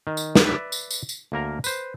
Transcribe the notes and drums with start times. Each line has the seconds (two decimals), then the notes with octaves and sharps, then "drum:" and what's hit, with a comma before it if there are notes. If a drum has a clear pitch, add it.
0.07 D#3
0.17 drum: tambourine
0.35 drum: snare
0.45 B4 D5 E5
0.72 drum: tambourine
0.91 drum: tambourine
1.09 drum: tambourine
1.32 D2 A#3 A#4 A#5
1.64 B4 C5, drum: tambourine